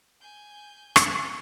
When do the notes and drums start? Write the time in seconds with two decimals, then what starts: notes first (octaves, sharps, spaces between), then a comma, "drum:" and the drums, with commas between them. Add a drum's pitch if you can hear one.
0.21 G#5 G6
0.96 drum: rim click